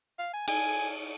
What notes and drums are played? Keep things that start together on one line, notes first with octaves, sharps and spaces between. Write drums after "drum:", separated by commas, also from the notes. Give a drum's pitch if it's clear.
F5
G#5
G#5, drum: cymbal